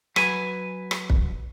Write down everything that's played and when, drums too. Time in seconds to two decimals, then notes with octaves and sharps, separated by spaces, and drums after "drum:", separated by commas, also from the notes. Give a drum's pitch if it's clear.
0.16 F#3 B4 G#5, drum: rim click
0.91 drum: rim click
1.10 drum: kick